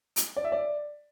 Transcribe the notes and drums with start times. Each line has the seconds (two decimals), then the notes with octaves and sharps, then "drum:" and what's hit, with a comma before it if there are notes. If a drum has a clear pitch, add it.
0.16 drum: hi-hat
0.37 D5
0.44 E5
0.52 D5